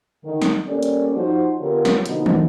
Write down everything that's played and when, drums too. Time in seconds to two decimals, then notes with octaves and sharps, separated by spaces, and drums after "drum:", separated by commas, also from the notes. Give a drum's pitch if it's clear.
0.24 D3 D#3
0.42 drum: snare
0.67 G3 A#3 C#4 A4 D5
0.83 drum: hi-hat
1.15 F3 D#4 F#4 C5
1.60 D3 B3 F4 G4 A#4 C#5
1.85 drum: snare
2.06 B2 D3 F3 A#3 B3 D#4, drum: hi-hat
2.26 drum: tom